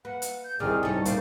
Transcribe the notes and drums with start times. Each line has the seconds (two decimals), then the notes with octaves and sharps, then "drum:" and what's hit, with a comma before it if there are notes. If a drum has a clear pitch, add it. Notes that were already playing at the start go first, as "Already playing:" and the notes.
0.05 A#3 B4 F#5
0.22 drum: hi-hat
0.44 G6
0.60 C2 C3 D#3 G#4 D5 F6
0.83 G#2 G3 C#4 A4
1.05 A#2 C#3 A3 C5 D5 G5, drum: hi-hat